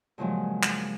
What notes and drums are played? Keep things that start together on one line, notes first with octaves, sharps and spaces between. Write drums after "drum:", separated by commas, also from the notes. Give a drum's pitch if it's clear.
G2 A#2 C#3 F3 F#3 G#3
drum: clap